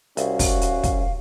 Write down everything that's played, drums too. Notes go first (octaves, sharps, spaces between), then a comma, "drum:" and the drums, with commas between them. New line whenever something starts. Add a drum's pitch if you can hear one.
C2 C#4 F#4 F5, drum: hi-hat
drum: kick, open hi-hat
drum: hi-hat
drum: kick, hi-hat